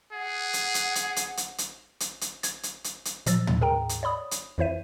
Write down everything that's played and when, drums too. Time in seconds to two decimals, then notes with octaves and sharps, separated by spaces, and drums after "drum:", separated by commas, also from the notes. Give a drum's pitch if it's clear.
0.12 G#4 F#5
0.53 drum: hi-hat
0.74 drum: hi-hat
0.95 drum: hi-hat
1.16 drum: hi-hat
1.37 drum: hi-hat
1.58 drum: hi-hat
2.00 drum: hi-hat
2.21 drum: hi-hat
2.43 G#6, drum: hi-hat
2.63 drum: hi-hat
2.84 drum: hi-hat
3.05 drum: hi-hat
3.26 A#2 F3 F#3 E6 A6, drum: hi-hat
3.47 drum: tom
3.61 G#4 A#4 G5 A#5
3.89 drum: hi-hat
4.03 C#5 D5 B5 D#6
4.31 drum: hi-hat
4.58 F2 E3 E4 C5 E5 D#7